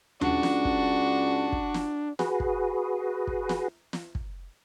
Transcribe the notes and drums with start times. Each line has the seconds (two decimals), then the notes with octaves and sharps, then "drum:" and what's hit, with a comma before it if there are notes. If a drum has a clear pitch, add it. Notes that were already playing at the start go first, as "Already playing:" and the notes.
0.21 C#2 D4 F#4, drum: tom D#2
0.43 drum: snare
0.65 drum: kick
1.52 drum: kick
1.74 drum: snare
2.19 F#4 G#4 B4, drum: snare
2.40 drum: kick
3.27 drum: kick
3.49 drum: snare
3.93 drum: snare
4.15 drum: kick